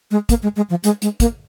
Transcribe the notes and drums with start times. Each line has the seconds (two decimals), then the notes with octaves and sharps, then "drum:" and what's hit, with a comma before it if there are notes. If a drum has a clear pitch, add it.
0.11 G#3
0.29 A#3, drum: kick, hi-hat
0.43 G#3
0.56 G#3
0.70 F3
0.84 G#3, drum: hi-hat
1.02 G#3, drum: hi-hat
1.20 A#3, drum: kick, hi-hat